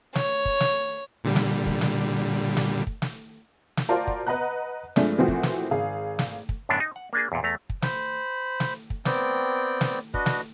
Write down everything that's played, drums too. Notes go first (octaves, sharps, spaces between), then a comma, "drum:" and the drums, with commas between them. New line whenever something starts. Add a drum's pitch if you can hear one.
C#5, drum: snare
drum: kick
drum: snare
A#2 D3 G3
drum: snare
drum: kick
drum: snare
drum: snare
drum: kick
drum: snare
drum: snare
F4 F#4 A#4 C5 D5 A5
drum: kick
B4 D#5 F#5 A#5 F#6
G2 F3 G#3 A3 D4, drum: snare
A#2 E3 F3 A3 C4 F#4
drum: kick
drum: snare
G#1 G#4 F5
drum: snare
drum: kick
F#2 A2 D3 B3 D4
D#4
F#5
A#3 D4 G#4
E2 A#2
E2 A3 A#5
drum: kick
C5 B5, drum: snare
drum: snare
drum: kick
B3 C4 D5 G5, drum: snare
drum: snare
D4 F#4 B4 D#5, drum: kick
drum: snare